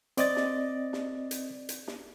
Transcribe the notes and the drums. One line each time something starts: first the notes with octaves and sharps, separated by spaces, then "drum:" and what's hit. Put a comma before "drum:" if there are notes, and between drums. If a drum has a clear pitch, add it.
C4 D5 D#5 A6, drum: hi-hat
drum: snare
drum: snare
drum: hi-hat
drum: hi-hat
drum: snare